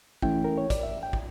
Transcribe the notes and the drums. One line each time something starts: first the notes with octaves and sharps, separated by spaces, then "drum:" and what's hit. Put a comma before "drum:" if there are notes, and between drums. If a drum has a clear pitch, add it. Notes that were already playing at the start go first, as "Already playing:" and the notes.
E3 A3 C#4 E4 G5, drum: kick
A#4
C#5
D5, drum: kick, hi-hat
E5
G5
drum: kick